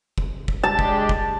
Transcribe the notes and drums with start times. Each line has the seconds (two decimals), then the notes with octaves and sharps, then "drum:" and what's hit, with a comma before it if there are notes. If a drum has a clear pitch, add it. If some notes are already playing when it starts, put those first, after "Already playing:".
0.18 drum: kick
0.48 drum: kick
0.63 G#3 D4 G4 A5
0.79 drum: kick
1.09 drum: kick